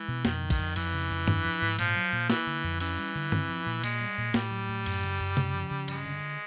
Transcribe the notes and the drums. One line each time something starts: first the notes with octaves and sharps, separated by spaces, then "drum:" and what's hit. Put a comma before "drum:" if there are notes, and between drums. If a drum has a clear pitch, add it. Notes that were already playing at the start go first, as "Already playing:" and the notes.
Already playing: E3 G#3
B2
F2 D#3, drum: snare
D3
D#3, drum: kick, cymbal
F2
F2 E3, drum: cymbal
C#3
F2
D4, drum: tom G2
F3
G#2
A#2 F3, drum: cymbal
F#3
A#2
E3 A#3, drum: snare
D3
F2
E3 C#4, drum: cymbal
G3
D3
C4, drum: tom G2
F3
A#2
A#2 G#3, drum: cymbal
G3
A#2
A2 G3, drum: snare
F#3
A2
F#2, drum: cymbal
C#3
F#2
C#3, drum: tom C3
F3
C#3
G2 G#3, drum: cymbal
D3